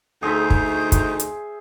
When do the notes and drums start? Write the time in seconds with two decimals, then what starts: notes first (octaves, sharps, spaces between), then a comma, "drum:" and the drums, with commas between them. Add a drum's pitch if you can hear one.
0.23 D2 D#4 G#4 C5 E5 G6
0.50 drum: kick
0.92 drum: kick, hi-hat
1.20 drum: hi-hat